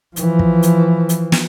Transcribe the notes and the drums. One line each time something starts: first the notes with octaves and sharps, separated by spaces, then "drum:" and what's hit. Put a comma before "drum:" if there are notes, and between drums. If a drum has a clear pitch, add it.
E3 F3, drum: hi-hat
drum: kick
drum: hi-hat
drum: hi-hat
drum: snare